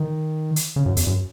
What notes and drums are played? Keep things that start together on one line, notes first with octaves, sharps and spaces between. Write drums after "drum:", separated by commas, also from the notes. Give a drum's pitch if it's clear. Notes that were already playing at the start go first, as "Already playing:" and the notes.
Already playing: D#3
drum: hi-hat
C#3
F#2
E2, drum: hi-hat
F#2